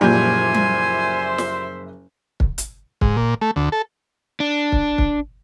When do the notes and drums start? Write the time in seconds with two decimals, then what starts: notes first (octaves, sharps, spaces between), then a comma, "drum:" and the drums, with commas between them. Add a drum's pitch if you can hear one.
0.01 F#1 A#2 F3 G3 C5 E5 G#5 G6
0.54 drum: tom G3
1.38 drum: snare
2.40 drum: kick
2.58 drum: hi-hat
3.01 G#2, drum: kick
3.17 A#2
3.41 A3
3.56 D2
3.72 A4
4.40 D4
4.72 drum: kick
4.98 drum: kick